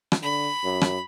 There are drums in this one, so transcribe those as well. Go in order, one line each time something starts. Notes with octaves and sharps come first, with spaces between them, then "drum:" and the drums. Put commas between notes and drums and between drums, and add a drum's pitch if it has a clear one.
drum: rim click
D3 B5
F#2
drum: rim click